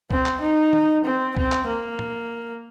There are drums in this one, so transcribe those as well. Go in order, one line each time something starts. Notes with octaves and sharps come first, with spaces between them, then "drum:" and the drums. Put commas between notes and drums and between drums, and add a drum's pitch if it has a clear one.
C4, drum: kick
drum: clap
D#4
drum: tom D#3
C4
C4, drum: kick
drum: clap
A#3
drum: tom